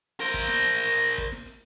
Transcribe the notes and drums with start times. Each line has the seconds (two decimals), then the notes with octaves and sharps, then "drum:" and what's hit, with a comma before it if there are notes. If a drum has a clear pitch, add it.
0.20 A#4 C5, drum: hi-hat
0.34 drum: kick, hi-hat
0.48 drum: snare
0.62 drum: hi-hat
0.76 drum: hi-hat
0.90 drum: hi-hat
1.04 drum: hi-hat
1.18 drum: kick
1.32 drum: snare
1.46 drum: hi-hat